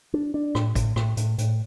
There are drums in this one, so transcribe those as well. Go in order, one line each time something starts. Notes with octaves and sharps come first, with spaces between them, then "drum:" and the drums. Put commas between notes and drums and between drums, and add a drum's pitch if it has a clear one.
D4
D4
A2, drum: rim click
A2, drum: kick, hi-hat
A2, drum: rim click
A2, drum: hi-hat
A2, drum: hi-hat